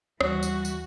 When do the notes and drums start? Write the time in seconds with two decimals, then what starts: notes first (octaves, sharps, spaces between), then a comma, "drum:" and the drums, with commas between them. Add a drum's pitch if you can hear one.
0.21 D#2 E3 G3 F#4, drum: rim click
0.43 drum: tambourine
0.65 drum: tambourine